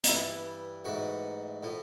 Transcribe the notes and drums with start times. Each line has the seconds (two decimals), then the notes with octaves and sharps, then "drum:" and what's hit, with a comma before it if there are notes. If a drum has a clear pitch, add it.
0.04 D#4, drum: hi-hat
0.08 G2 E3 G3 E4
0.85 A1 G#2 E3 F#4
1.63 A2 F3